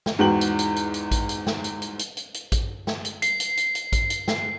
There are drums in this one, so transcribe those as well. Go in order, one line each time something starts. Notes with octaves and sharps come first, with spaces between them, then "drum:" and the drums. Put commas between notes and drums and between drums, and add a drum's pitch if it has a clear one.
drum: snare
E2 G#2 F#4 G5 F#7
drum: hi-hat
drum: hi-hat
drum: hi-hat
drum: hi-hat
drum: kick A1, hi-hat
drum: hi-hat
drum: snare
drum: hi-hat
drum: hi-hat
drum: hi-hat
drum: hi-hat
drum: hi-hat
drum: kick A1, hi-hat
drum: snare
drum: hi-hat
C7, drum: hi-hat
drum: hi-hat
drum: hi-hat
drum: hi-hat
drum: kick A1, hi-hat
drum: hi-hat
drum: snare